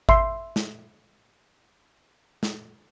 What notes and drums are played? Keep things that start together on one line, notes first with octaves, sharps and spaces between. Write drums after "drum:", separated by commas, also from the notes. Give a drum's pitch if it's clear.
E5 C6, drum: kick G#1
drum: snare
drum: snare